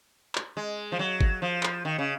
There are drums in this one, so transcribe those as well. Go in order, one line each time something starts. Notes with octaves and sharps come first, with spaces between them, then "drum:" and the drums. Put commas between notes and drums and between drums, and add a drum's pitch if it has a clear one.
drum: clap
G#3
F3
F#3
drum: kick
F3
drum: clap
D#3
C#3